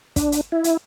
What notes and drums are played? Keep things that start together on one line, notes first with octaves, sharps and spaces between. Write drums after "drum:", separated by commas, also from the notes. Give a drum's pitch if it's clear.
D4, drum: kick, hi-hat
drum: hi-hat
E4
drum: hi-hat